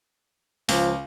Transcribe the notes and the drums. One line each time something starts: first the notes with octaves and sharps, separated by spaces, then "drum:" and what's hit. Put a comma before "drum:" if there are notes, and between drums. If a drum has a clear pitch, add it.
C#2 F3, drum: open hi-hat